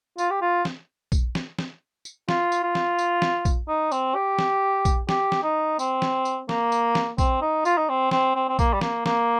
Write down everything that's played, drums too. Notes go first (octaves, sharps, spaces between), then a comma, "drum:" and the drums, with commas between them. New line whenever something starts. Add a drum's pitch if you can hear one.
F4, drum: tambourine
G4
F4
drum: snare
drum: kick A#1, tambourine
drum: snare
drum: snare
drum: tambourine
F4, drum: snare
drum: tambourine
F4
drum: snare
drum: tambourine
drum: snare
drum: kick A#1, tambourine
D#4
C4, drum: tambourine
G4
drum: snare
drum: kick A#1, tambourine
G4, drum: snare
drum: snare
D#4
C4, drum: tambourine
drum: snare
drum: tambourine
A#3, drum: snare
drum: tambourine
drum: snare
C4, drum: kick A#1, tambourine
D#4
F4, drum: tambourine
D#4
C4
C4, drum: snare
C4
C4
A#3, drum: kick A#1, tambourine
G3
A#3, drum: snare
A#3, drum: snare